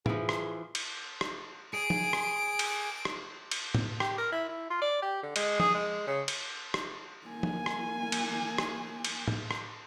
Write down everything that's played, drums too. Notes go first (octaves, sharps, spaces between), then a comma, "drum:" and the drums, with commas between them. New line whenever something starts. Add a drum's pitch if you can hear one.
E3 F3 G#4, drum: tom A2
drum: rim click
drum: cymbal
drum: rim click
G#4 D7
drum: tom F3
drum: rim click
drum: cymbal
drum: rim click
drum: cymbal
drum: tom A2
G4, drum: rim click
A#4
E4
E4
F4
D5
G4
D3
G#3, drum: cymbal
G#4, drum: tom F3
G#3
C#3
drum: cymbal
drum: rim click
A#3 G#5
drum: tom F3
drum: rim click
drum: cymbal
drum: rim click
drum: cymbal
drum: tom A2
drum: rim click